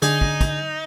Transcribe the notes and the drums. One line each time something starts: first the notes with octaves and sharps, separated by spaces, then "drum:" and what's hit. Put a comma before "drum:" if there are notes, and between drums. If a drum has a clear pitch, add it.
D3 D#4 G#4, drum: hi-hat
drum: kick
drum: kick, hi-hat